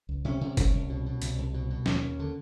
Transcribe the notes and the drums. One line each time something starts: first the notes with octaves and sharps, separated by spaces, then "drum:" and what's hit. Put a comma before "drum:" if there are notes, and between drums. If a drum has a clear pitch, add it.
C#2
C3 C#4
C3
C2, drum: kick, hi-hat
C2
B2
B2
C2, drum: hi-hat
C2
B2
B2
D#2 C#4, drum: snare
D#2
D3